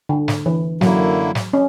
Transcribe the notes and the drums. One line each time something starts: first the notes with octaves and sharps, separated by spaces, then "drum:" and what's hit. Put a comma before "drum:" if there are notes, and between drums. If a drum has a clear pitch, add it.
D3
drum: snare
E3
F#2 D3 F#3 A#3 E4, drum: snare
drum: snare
C#4